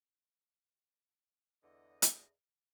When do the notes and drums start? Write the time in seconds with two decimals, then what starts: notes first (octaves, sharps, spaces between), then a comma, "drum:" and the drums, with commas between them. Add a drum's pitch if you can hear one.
1.62 E2 D3 D#5
2.02 drum: hi-hat